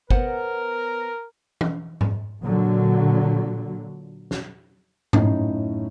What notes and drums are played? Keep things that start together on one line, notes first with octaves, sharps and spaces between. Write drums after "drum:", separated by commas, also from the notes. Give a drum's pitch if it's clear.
B3 A#4 C5 F#5, drum: kick G1
drum: tom
drum: tom G#2
A#2 D3 F#3
drum: snare
F#2 A2 D#4, drum: tom G#2